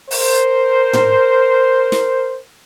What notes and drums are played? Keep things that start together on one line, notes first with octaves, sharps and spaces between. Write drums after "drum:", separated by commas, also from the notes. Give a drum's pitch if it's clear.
A#4 C5, drum: open hi-hat
drum: tom
drum: snare